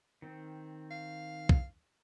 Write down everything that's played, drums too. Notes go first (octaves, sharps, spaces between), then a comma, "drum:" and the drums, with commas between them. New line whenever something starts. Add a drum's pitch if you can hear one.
D#3 C4
F5
drum: kick